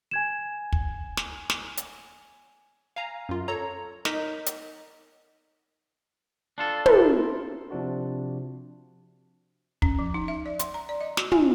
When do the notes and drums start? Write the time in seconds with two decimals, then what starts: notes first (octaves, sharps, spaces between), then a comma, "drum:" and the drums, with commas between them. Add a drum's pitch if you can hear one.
0.11 G#5 G#6 E7
0.72 drum: kick
1.17 drum: snare
1.50 drum: snare
1.77 drum: hi-hat
2.96 F5 G#5 A#5
3.29 F#2 F4
3.48 A4 C#5 A#5
4.05 D#4 A#4 D#5 G6 B6, drum: snare
4.46 drum: hi-hat
6.58 D4 F4 A4
6.86 E4 A#4 C6, drum: tom
7.71 C3 F3 D4 F#4
9.82 C#4, drum: kick
9.99 F3
10.14 D#4
10.28 E5
10.46 D5
10.59 C6, drum: hi-hat
10.74 A#5
10.89 D5
11.01 D#5
11.17 F#4, drum: snare
11.32 G#5, drum: tom